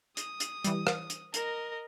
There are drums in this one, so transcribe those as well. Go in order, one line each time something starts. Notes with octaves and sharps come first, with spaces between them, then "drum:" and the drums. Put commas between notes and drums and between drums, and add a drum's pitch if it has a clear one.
D#6, drum: hi-hat
drum: hi-hat
E3 G3, drum: hi-hat
drum: rim click
drum: hi-hat
A#4 D#5, drum: hi-hat